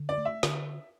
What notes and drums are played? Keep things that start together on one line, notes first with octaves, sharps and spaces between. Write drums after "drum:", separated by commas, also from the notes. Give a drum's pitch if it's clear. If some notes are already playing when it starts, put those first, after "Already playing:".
Already playing: D3
D5
A3
E5
D3, drum: snare